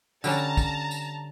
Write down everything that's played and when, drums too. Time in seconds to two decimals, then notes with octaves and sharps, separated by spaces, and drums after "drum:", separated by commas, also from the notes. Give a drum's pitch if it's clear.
0.24 D3 G3 C#4 A5 A#5, drum: tambourine
0.57 drum: kick, tambourine
0.91 drum: tambourine